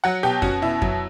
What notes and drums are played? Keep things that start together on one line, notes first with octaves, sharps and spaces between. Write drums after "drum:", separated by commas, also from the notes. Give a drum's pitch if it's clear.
F#3 F#5
B2 G4
C#4 F#4, drum: kick F2
B2 E4
F#3, drum: kick F2